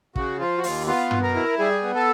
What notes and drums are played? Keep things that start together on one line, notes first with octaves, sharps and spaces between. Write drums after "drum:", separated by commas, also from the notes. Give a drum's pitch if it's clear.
C#3 F#4, drum: kick
F3 F4
F#4
D#2 F4, drum: open hi-hat
B3 F4
B2, drum: tom
A#4
E4
G3 G#4
B3
A4